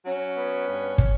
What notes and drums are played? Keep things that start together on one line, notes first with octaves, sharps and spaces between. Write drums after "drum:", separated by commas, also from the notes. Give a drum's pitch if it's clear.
F#3 C#4
B3
G2
drum: kick